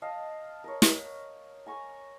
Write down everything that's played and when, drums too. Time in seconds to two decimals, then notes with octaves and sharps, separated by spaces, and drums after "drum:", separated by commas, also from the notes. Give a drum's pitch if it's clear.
0.02 D#5 F5 A5
0.64 A#4 C#5
0.82 drum: snare
1.66 G#5 A#5 C#6